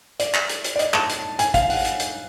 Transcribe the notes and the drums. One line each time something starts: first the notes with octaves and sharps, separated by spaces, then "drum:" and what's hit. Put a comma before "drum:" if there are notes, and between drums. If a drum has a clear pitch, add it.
D5, drum: hi-hat
drum: clap
drum: hi-hat
drum: hi-hat
D5
D#5, drum: hi-hat
A5, drum: clap
drum: hi-hat
G#5, drum: hi-hat
F5, drum: kick, hi-hat
F#5, drum: open hi-hat
drum: hi-hat
drum: hi-hat